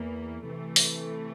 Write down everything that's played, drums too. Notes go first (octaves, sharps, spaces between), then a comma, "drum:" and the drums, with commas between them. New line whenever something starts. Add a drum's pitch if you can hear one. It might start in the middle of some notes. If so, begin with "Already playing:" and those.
Already playing: E2 E3 A#3
C3 E3 A3
drum: open hi-hat